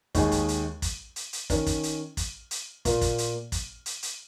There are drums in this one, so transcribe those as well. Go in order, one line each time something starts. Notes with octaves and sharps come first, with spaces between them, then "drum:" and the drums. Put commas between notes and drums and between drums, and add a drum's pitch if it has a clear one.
D#2 D#3 G#3 D#4 G#4, drum: kick, hi-hat
drum: kick, hi-hat
drum: hi-hat
drum: kick, hi-hat
drum: hi-hat
drum: hi-hat
D#3 C#4 A#4, drum: kick, hi-hat
drum: kick, hi-hat
drum: hi-hat
drum: kick, hi-hat
drum: hi-hat
A#2 A#3 F4 A#4, drum: kick, hi-hat
drum: kick, hi-hat
drum: hi-hat
drum: kick, hi-hat
drum: hi-hat
drum: hi-hat